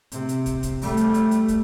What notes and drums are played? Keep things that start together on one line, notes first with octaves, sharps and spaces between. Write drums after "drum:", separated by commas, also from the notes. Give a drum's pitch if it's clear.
C3, drum: hi-hat
drum: hi-hat
drum: kick, hi-hat
drum: kick, hi-hat
G3 A3, drum: open hi-hat
drum: hi-hat
drum: hi-hat
drum: hi-hat
drum: kick, hi-hat